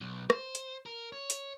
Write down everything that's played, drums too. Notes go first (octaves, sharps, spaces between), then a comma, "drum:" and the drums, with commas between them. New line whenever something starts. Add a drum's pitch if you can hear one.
B1
C5, drum: rim click
drum: hi-hat
A#4
C#5
drum: hi-hat